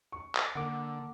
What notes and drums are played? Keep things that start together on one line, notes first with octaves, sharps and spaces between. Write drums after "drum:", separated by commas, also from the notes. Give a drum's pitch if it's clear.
C#6
drum: clap
D3 A#3 F#5 D6